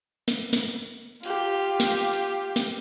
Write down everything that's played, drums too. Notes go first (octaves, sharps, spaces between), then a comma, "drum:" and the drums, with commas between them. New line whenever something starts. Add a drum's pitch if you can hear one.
drum: snare
drum: snare
F4 G4, drum: hi-hat
drum: snare
drum: hi-hat
drum: snare